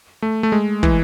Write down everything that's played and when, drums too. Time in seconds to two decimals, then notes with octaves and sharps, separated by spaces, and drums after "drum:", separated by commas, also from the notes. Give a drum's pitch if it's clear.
0.22 A3
0.43 A3
0.52 G#3
0.83 E3, drum: kick